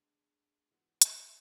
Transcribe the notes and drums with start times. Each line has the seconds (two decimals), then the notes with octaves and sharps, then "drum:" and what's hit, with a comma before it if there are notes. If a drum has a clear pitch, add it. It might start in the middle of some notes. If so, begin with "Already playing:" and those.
Already playing: D2 D3 G#3 B3 D4
0.71 G#2 E3 B3 F#4
1.02 drum: hi-hat